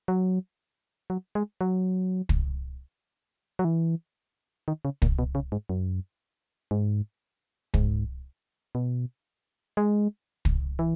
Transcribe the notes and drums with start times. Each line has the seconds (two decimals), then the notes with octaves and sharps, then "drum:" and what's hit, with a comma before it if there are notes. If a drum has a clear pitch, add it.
0.08 F#3
1.10 F#3
1.35 G#3
1.61 F#3
2.29 drum: kick
3.59 F#3
3.65 E3
4.68 D#3
4.85 C#3
5.02 A#2, drum: kick
5.19 B2
5.35 C#3
5.52 G#2
5.69 F#2
6.71 G#2
7.74 G#2, drum: kick
8.75 B2
9.77 G#3
10.45 drum: kick
10.79 E3